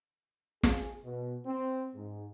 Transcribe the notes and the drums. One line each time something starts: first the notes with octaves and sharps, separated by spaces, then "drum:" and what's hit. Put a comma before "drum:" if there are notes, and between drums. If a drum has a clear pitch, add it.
G#4, drum: snare
B2
C4
G#2